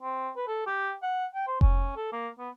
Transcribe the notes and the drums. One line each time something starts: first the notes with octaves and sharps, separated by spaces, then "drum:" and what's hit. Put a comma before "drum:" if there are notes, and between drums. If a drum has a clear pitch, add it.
C4
B4
A4
G4
F#5
G5
C5
C#4, drum: kick F1
A4
A#3
B3